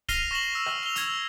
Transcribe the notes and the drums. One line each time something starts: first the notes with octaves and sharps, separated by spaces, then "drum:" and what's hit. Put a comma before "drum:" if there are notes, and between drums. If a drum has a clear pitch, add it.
F6 A#6 C7 D#7 F7 G7, drum: kick, hi-hat
C#6 A#6 E7 F#7
E6
drum: rim click
F7 G7
E6 G#6, drum: hi-hat